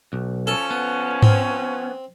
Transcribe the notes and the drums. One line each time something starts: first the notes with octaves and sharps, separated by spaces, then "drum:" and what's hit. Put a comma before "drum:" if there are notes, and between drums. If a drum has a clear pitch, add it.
B1
F3 C#4 A4
B3
C4, drum: tom G#2